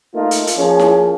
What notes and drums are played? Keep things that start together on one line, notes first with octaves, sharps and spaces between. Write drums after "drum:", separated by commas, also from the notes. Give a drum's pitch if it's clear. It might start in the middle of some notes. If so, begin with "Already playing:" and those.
A3 A#3 D#4 F4
drum: hi-hat
drum: hi-hat
F3 A#3 C#4 F4 G#4
drum: snare E4